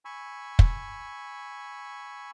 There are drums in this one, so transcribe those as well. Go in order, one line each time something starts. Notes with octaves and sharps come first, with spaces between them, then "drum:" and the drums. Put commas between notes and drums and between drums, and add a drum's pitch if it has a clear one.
G#5 B5 C#6 E6
drum: kick